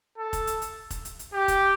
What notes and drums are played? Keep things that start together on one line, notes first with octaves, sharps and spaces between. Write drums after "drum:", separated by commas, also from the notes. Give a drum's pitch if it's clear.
A4
drum: kick F1, hi-hat
drum: hi-hat
drum: hi-hat
drum: kick F1, hi-hat
drum: hi-hat
drum: hi-hat
G4
drum: kick F1, hi-hat